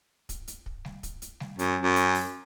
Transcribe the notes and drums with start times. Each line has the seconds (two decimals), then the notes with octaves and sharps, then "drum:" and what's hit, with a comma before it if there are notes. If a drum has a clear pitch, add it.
0.29 drum: kick, hi-hat
0.48 drum: hi-hat
0.66 drum: kick
0.85 drum: snare
1.03 drum: kick, hi-hat
1.22 drum: hi-hat
1.40 drum: snare
1.59 F#2, drum: hi-hat
1.82 F#2
1.96 drum: hi-hat
2.15 drum: open hi-hat